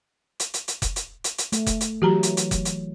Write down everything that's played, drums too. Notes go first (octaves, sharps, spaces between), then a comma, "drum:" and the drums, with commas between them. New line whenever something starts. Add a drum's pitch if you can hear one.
drum: hi-hat
drum: hi-hat
drum: hi-hat
drum: kick F1, hi-hat
drum: hi-hat
drum: hi-hat
drum: hi-hat
A3, drum: hi-hat
drum: kick F1, hi-hat
drum: hi-hat
E3 F#3 F#4 G4 A#5
drum: hi-hat
drum: hi-hat
drum: kick F1, hi-hat
drum: hi-hat